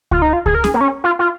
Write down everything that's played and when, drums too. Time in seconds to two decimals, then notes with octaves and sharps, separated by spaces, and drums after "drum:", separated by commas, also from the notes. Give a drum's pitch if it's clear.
0.11 F4, drum: kick C#2
0.22 D#4
0.33 F4
0.46 G#4, drum: kick C#2
0.55 A#4
0.64 G#4, drum: snare C#4
0.74 A#3
0.81 C#4
1.04 F4
1.19 F4